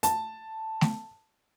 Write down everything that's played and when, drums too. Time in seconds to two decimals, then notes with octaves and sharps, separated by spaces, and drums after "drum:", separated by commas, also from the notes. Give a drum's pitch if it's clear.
0.03 A5, drum: hi-hat
0.81 drum: snare A3